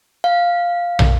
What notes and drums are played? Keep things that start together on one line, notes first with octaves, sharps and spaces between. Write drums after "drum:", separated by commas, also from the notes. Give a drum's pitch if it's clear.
F5
drum: tom